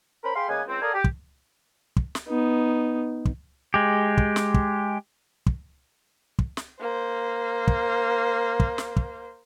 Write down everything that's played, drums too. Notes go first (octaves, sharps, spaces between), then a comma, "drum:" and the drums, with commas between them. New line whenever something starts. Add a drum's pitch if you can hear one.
C#4 A#4 C5 B5
G#4 F5 G5 B5 C6
C#3 G#3 A#3 B3 G#5
C#2 C4
A4 A#4 D5 D#5 F5 G#5
G4
drum: kick
drum: kick
drum: snare
B3 D#4
drum: kick
G#3 G4
drum: kick
drum: snare
drum: kick
drum: kick
drum: kick
drum: snare
A#3 C5
drum: kick
drum: kick
drum: snare
drum: kick